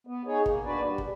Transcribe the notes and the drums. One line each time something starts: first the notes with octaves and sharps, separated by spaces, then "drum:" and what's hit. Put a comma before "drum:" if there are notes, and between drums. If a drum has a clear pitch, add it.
B3
D#4 G#4 C#5
A#3, drum: kick
D4 F#4 B4 D5
G3
drum: kick